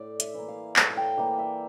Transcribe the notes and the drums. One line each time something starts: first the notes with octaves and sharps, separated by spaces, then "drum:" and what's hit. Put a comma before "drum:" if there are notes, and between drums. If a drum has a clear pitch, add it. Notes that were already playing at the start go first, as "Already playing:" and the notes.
Already playing: A2 D5
E5, drum: hi-hat
E3 A#3
F5
A2 A5, drum: clap
F5
G5
E3 A#3 D5
E5